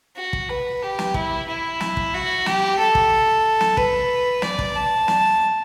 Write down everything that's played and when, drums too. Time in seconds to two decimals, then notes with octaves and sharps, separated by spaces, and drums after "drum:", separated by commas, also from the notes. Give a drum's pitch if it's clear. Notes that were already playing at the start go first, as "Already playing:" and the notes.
0.17 F#4
0.33 drum: kick
0.49 B4
0.82 G4
0.99 drum: snare
1.14 E4, drum: kick
1.48 E4
1.80 drum: snare
1.97 drum: kick
2.14 F#4
2.46 G4, drum: snare
2.78 A4
2.95 drum: kick
3.61 drum: snare
3.77 B4, drum: kick
4.42 D5, drum: snare
4.59 drum: kick
4.75 A5
5.08 drum: snare